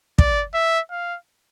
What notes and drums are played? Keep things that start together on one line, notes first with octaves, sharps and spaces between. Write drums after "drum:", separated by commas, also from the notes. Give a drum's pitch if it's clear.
D5, drum: kick
E5
F5